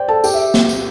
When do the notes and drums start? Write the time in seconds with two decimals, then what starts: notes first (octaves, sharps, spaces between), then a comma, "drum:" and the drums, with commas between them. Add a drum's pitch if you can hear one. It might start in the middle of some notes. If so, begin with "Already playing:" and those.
Already playing: C5 D5 G5
0.08 A4 A5
0.24 G4 G5, drum: tambourine
0.34 E5
0.54 drum: snare A#3
0.69 drum: tambourine